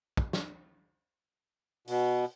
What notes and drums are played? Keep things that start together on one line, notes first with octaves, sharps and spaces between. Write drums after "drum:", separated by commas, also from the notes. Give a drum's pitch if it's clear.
drum: kick
drum: snare
B2, drum: open hi-hat